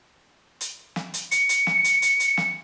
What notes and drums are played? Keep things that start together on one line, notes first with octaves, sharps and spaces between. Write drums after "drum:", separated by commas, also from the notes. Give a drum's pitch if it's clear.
drum: hi-hat
drum: snare
drum: hi-hat
C#7, drum: hi-hat
drum: hi-hat
drum: snare
drum: hi-hat
drum: hi-hat
drum: hi-hat
drum: snare